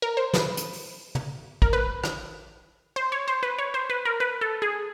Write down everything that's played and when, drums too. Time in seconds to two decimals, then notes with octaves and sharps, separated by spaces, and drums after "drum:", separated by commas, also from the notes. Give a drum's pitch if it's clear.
0.02 A#4
0.17 C5
0.34 B4, drum: snare
0.57 drum: hi-hat
0.73 drum: open hi-hat
1.15 drum: tom
1.62 A#4, drum: kick
1.73 B4
2.04 drum: rim click
2.96 C5
3.12 C#5
3.28 C5
3.43 B4
3.58 C#5
3.74 C5
3.90 B4
4.05 A#4
4.20 B4
4.41 A4
4.62 G#4